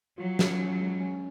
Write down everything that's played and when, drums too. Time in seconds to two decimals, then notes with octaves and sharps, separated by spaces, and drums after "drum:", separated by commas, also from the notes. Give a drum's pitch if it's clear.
0.18 F#3 F4
0.39 C#4, drum: snare
0.59 C#4
0.80 G#3
1.00 C#4